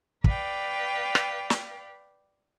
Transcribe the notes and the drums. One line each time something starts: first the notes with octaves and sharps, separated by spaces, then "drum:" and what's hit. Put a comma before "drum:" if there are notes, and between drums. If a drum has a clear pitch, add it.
B4 D5 F5 G5, drum: kick
drum: rim click
drum: snare